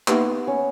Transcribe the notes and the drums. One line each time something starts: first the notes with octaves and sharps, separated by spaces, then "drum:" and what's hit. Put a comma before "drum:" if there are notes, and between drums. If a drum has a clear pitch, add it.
A#3 B3 D#4 G4 B4 E5, drum: clap
C#4